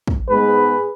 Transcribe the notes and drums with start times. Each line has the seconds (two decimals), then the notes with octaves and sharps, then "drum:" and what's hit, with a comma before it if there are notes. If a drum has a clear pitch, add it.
0.07 drum: kick
0.28 G#2 G#3 B3 G#4 B4